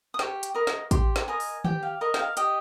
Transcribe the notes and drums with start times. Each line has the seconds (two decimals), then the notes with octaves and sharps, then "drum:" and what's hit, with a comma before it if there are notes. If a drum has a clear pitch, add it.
0.14 D#6
0.19 G4 C#6, drum: snare
0.43 drum: hi-hat
0.54 A#4 D#5
0.67 drum: snare
0.91 G4 C6, drum: kick, hi-hat
1.16 drum: snare
1.28 A#4 D#5 G#5
1.40 drum: open hi-hat
1.64 G4 G5, drum: tom D#3
1.83 F5
2.01 A#4 D#5
2.14 G5, drum: snare
2.19 F5
2.37 G4 D#5, drum: hi-hat